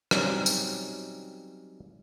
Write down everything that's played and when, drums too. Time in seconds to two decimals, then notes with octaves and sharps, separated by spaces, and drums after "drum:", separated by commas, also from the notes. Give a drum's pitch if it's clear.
0.11 F#3 G3 C4 C#4 D#4, drum: rim click
0.46 drum: tambourine